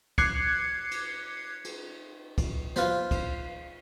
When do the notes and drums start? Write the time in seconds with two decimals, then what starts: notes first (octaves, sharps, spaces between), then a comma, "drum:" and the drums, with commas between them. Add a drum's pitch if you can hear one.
0.18 D6 F#6 G#6 C7 C#7, drum: kick, cymbal
0.91 drum: cymbal
1.64 drum: cymbal
2.38 drum: kick, cymbal
2.76 F4 B4 C5, drum: snare
3.11 drum: kick, cymbal